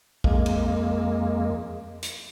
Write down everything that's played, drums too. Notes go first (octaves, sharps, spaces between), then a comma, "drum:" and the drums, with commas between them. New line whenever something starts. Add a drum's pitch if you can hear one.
F2 G#3 A#3, drum: kick
drum: cymbal
drum: hi-hat